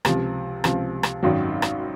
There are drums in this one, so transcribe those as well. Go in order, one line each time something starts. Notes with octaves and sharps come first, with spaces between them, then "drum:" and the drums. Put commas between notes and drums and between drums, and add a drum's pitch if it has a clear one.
C#2 C3 F3, drum: rim click
C#2 C3 F3, drum: rim click
drum: rim click
G#1 F#2 D#3 F#3
drum: rim click